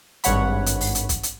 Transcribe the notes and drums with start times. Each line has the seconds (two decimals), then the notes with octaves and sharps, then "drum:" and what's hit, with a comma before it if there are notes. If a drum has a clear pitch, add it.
0.24 G#1 G2 C#5 F#5 B5, drum: hi-hat
0.66 drum: hi-hat
0.81 drum: open hi-hat
0.95 drum: hi-hat
1.09 drum: kick B1, hi-hat
1.23 drum: hi-hat